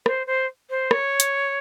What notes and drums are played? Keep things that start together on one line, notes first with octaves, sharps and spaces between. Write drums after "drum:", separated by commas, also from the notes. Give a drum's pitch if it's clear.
C5, drum: rim click
C5
C5
C#5, drum: rim click
drum: hi-hat